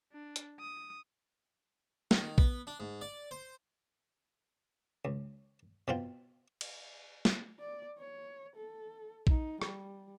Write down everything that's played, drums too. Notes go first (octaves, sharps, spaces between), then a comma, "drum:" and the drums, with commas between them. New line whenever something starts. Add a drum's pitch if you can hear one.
D4
drum: hi-hat
D#6
D#3, drum: snare
B3, drum: kick A#1
D4
G#2
D5
C5
C#2
B2 C4 F4
drum: cymbal
drum: snare
D5
C#5
A4
D#4, drum: kick A#1
G3, drum: rim click